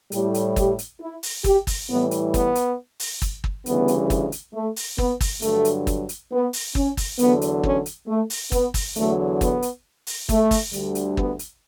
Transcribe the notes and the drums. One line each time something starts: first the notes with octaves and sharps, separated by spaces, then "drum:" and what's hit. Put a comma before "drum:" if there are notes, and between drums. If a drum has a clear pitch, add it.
A2 G3 G4, drum: hi-hat
drum: hi-hat
G4, drum: kick, hi-hat
drum: hi-hat
E4
drum: open hi-hat
G4, drum: kick, hi-hat
drum: kick, open hi-hat
A2 E3 G3 B3
drum: hi-hat
B3, drum: kick, hi-hat
drum: hi-hat
drum: open hi-hat
drum: kick, hi-hat
drum: kick
D2 C#3 E3 G3 B3, drum: hi-hat
drum: hi-hat
drum: kick, hi-hat
drum: hi-hat
A3
drum: open hi-hat
B3, drum: kick
drum: kick, open hi-hat
G2 D3 F#3 A3, drum: hi-hat
drum: hi-hat
drum: kick, hi-hat
drum: hi-hat
B3
drum: open hi-hat
C#4, drum: kick
drum: kick, open hi-hat
E2 D3 F#3 B3, drum: hi-hat
drum: hi-hat
C#4, drum: kick
drum: hi-hat
A3
drum: open hi-hat
B3, drum: kick, hi-hat
drum: kick, open hi-hat
E2 D3 F#3 A3, drum: hi-hat
B3, drum: kick, hi-hat
drum: hi-hat
drum: open hi-hat
A3, drum: kick, hi-hat
drum: kick, open hi-hat
D2 D3 G3, drum: hi-hat
drum: hi-hat
B3, drum: kick
drum: hi-hat